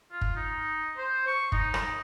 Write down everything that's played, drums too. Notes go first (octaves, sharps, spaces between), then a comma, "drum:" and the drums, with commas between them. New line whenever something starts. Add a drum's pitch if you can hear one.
F4
drum: kick
D#4
C5
C#6
D#4, drum: kick
drum: rim click